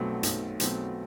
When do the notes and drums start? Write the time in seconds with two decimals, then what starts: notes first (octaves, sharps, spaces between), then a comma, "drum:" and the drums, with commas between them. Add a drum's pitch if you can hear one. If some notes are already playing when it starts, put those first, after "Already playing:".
Already playing: B1 B2 F#3 A3 C4
0.23 B1, drum: hi-hat
0.60 B2 F#3 A3 C4, drum: hi-hat